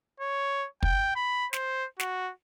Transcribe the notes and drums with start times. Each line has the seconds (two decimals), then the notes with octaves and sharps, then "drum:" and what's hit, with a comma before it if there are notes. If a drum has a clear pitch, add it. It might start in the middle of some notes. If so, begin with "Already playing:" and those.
0.20 C#5
0.83 G5, drum: kick
1.16 B5
1.53 C5, drum: snare
2.00 F#4, drum: snare